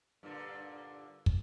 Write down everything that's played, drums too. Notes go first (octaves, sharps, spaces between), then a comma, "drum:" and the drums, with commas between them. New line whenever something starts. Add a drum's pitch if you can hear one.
G2 A#2 D3
drum: kick